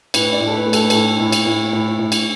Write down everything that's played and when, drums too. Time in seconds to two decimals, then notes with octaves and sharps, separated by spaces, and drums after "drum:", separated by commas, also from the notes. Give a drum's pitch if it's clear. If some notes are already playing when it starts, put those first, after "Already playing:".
0.14 A2 B4, drum: cymbal
0.25 B4
0.33 D5
0.40 A2
0.47 A4
0.53 B4
0.67 A3
0.73 A4, drum: cymbal
0.82 B4
0.90 A2 A4, drum: cymbal
1.20 A2
1.32 drum: cymbal
1.46 A2
1.73 A2
1.99 A2
2.12 drum: cymbal